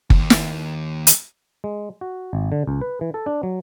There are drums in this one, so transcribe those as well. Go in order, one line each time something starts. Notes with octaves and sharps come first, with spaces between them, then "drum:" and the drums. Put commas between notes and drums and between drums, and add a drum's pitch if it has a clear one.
D#2, drum: kick
drum: snare
drum: hi-hat
G#3
F#4
G#1
D3
C#2
B4
E3
A4
D4
F#3